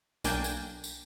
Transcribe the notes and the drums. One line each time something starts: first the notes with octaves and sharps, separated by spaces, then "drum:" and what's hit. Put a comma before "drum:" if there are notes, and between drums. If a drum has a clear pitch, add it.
B1 A#3 D4 G5 G#5 G6, drum: tambourine
drum: tambourine
drum: tambourine